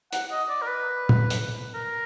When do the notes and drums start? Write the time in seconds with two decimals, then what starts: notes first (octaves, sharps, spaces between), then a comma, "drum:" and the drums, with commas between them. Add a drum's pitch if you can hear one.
0.13 F#5, drum: hi-hat
0.31 D#5
0.49 D5
0.62 A#4
0.67 B4
1.09 drum: tom
1.30 drum: hi-hat
1.74 A#4